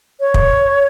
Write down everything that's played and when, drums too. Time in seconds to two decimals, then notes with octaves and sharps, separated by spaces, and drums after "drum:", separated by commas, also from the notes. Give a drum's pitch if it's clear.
0.20 C#5
0.34 drum: kick